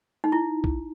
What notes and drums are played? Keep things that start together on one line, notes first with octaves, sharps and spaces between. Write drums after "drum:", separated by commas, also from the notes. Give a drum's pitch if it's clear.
D#4
E4
drum: kick